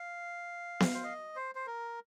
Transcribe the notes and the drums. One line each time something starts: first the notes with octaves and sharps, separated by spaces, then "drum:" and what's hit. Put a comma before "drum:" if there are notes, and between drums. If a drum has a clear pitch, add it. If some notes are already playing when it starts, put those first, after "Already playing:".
Already playing: F5
drum: snare B3
C5
D#5
C5
C5
A#4